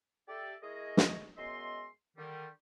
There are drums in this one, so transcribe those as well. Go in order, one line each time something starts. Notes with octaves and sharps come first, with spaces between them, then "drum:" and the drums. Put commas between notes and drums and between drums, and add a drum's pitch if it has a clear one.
G4 A4 D5 E5
G#3 E4 G#4 A#4 C#5 D#5
drum: snare
F#2 G#3 B3 D#5 E5 C6
D3 D#3 G3